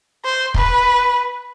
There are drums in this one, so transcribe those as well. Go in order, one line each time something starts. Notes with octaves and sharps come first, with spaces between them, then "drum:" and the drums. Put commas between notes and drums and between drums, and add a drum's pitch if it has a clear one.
C5
B4, drum: kick